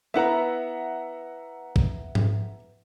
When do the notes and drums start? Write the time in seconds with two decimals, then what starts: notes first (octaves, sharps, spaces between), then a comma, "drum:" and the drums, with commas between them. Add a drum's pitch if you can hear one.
0.14 B3 E4 B4 E5 F#5 A#5
1.76 drum: kick
2.15 drum: tom G#2